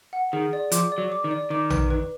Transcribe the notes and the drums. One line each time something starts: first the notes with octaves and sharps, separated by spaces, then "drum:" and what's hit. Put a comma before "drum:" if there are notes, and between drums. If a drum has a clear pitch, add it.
F#5
D#3 G#4
D5
F3 D6, drum: hi-hat
D5
F#3
D6
D#3
D5
D#3 D6
B4, drum: tom A#1
B4